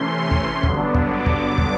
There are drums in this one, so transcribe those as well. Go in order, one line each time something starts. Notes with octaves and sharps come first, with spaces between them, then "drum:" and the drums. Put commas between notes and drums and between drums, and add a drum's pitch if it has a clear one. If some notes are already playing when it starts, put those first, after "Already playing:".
Already playing: C3 E3 A3 C#4 C6
drum: kick
G2 D3 F#3 B3 D4, drum: kick
drum: kick
D6
drum: kick
drum: kick